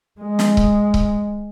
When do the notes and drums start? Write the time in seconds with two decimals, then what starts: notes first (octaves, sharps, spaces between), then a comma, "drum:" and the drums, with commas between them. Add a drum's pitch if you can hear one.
0.20 G#3
0.39 drum: snare
0.57 drum: kick C#1
0.94 drum: kick C#1